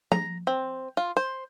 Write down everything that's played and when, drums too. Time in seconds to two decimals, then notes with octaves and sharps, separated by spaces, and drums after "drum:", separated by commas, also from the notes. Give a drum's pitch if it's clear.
0.12 A#5, drum: tom F3
0.47 C4
0.97 F4
1.17 C5